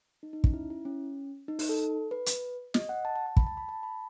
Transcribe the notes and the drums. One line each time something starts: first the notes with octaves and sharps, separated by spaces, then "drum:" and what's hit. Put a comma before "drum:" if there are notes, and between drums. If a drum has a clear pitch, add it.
D#4
D#4
C#4, drum: kick
E4
E4
C#4
D#4
D#4, drum: open hi-hat
A4
B4
drum: hi-hat
D#5, drum: snare
F#5
A5
A5
A5
B5, drum: kick
A5
B5
A5
B5